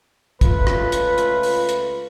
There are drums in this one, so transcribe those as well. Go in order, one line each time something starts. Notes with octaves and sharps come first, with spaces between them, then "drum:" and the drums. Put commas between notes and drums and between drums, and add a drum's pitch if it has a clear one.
C#2 A3 F4 B4, drum: kick, hi-hat
drum: rim click
drum: hi-hat
drum: hi-hat
drum: open hi-hat
drum: hi-hat